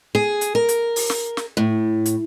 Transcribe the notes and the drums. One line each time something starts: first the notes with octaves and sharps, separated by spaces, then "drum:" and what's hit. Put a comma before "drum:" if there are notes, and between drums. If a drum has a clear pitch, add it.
G#4
drum: hi-hat
A#4
drum: hi-hat
drum: open hi-hat
drum: snare
drum: snare
A2
drum: hi-hat